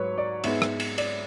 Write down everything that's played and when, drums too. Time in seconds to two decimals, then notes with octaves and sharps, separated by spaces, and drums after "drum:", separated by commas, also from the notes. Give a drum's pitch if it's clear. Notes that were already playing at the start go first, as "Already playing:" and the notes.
Already playing: G#2 F#3 B4 C#5
0.18 D5
0.44 G#2 G#3 B3 E5, drum: cymbal
0.62 drum: rim click
0.80 drum: cymbal
0.98 D5, drum: cymbal